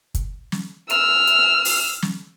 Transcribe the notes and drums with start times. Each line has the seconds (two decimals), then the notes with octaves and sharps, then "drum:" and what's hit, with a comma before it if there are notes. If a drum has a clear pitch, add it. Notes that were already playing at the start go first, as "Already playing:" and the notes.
0.14 drum: kick, hi-hat
0.52 drum: snare
0.90 E6 F6, drum: hi-hat
1.27 drum: hi-hat
1.65 drum: open hi-hat
2.02 drum: snare